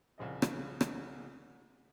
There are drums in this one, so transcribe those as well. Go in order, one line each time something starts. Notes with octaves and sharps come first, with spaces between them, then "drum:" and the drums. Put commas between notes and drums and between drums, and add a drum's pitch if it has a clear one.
C2 C#3 F3 D#5
drum: rim click
drum: rim click